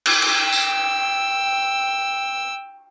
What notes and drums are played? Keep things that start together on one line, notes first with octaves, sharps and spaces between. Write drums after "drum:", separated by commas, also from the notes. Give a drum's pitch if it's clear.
drum: cymbal
G5 E6, drum: cymbal
drum: tambourine